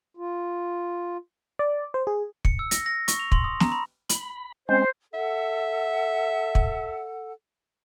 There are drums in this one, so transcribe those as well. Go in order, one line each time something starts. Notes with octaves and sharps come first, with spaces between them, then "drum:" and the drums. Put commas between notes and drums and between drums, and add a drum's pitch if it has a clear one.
F4
D5
C5
G#4
C#7, drum: kick
E6
A#6, drum: hi-hat
A#6
C#6, drum: hi-hat
F7
C6, drum: kick
D#6
A#5, drum: snare
B5
B5, drum: hi-hat
G#3 C4 C#4 C5
A4 E5 F#5
drum: kick